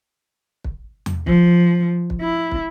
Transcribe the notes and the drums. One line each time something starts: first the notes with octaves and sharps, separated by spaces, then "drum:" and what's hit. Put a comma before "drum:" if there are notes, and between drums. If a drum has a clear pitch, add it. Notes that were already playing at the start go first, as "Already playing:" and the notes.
drum: kick
drum: tom E2
F3, drum: kick
drum: kick
E4
drum: kick